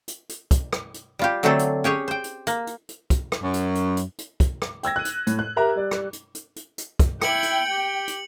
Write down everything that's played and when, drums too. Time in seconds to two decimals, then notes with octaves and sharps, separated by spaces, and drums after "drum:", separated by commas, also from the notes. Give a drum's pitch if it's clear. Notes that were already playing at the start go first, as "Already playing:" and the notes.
0.08 drum: hi-hat
0.29 drum: hi-hat
0.51 drum: kick, hi-hat
0.73 drum: rim click
0.94 drum: hi-hat
1.19 G3 F4 G4
1.43 D3 F#3 A3 C4 D4 A4
1.59 drum: hi-hat
1.84 C#4 G4 G#4 C#5
2.08 C5 G5
2.24 drum: hi-hat
2.47 A#3, drum: hi-hat
2.67 drum: hi-hat
2.89 drum: hi-hat
3.10 drum: kick, hi-hat
3.32 drum: rim click
3.43 F#2
3.54 drum: hi-hat
3.75 drum: hi-hat
3.97 drum: hi-hat
4.18 drum: hi-hat
4.40 drum: kick, hi-hat
4.62 drum: rim click
4.83 G5 E6 G#6 A#6, drum: hi-hat
4.96 F#6 D#7
5.05 drum: hi-hat
5.27 A2, drum: hi-hat
5.39 F#6
5.56 G4 A#4 E5 A#5
5.75 G3 D5
5.91 drum: rim click
6.13 drum: hi-hat
6.35 drum: hi-hat
6.56 drum: hi-hat
6.78 drum: hi-hat
6.99 drum: kick, hi-hat
7.22 E4 G5 C#7 F#7, drum: rim click
7.43 drum: hi-hat
7.69 G4
8.08 drum: hi-hat